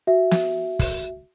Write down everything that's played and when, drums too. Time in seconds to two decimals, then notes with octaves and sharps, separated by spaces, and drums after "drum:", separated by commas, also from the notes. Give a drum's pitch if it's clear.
0.07 F#4 E5
0.31 drum: snare
0.79 drum: kick, open hi-hat